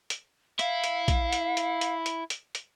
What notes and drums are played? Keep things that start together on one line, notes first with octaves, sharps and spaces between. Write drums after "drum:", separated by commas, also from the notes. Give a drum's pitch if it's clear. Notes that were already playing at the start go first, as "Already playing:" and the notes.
drum: hi-hat
E4 F5, drum: hi-hat
drum: hi-hat
drum: kick, hi-hat
drum: hi-hat
drum: hi-hat
drum: hi-hat
drum: hi-hat
drum: hi-hat
drum: hi-hat